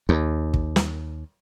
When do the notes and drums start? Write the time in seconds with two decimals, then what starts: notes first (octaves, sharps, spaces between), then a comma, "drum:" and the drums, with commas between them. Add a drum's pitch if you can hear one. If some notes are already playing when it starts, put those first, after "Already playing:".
0.09 D#2
0.54 drum: kick
0.76 drum: snare